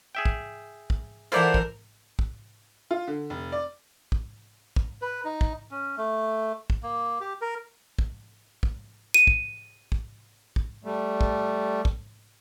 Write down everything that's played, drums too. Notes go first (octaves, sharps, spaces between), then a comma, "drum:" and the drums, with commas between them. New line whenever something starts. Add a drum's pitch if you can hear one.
G#4 E5 G5
drum: kick
drum: kick
E3 E4 F4 A4 A#4 C5 D5 F#5
drum: kick
drum: kick
F4
D3
F1
D5
drum: kick
drum: kick
B4
D#4
drum: kick
C#4
A3
drum: kick
A#3
G4
A#4
drum: kick
drum: kick
D#7
drum: kick
drum: kick
drum: kick
G3 A3
drum: kick
drum: kick